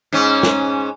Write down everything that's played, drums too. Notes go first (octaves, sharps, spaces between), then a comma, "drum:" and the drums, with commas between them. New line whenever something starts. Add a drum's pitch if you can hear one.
G#2 C#4
drum: snare